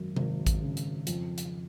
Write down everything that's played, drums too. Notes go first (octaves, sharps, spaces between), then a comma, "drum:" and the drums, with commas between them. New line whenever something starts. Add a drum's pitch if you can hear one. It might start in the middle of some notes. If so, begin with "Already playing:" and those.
Already playing: G#1 F#2
G#1, drum: tom C3
drum: kick A1, hi-hat
C#3
drum: hi-hat
F2, drum: hi-hat
drum: hi-hat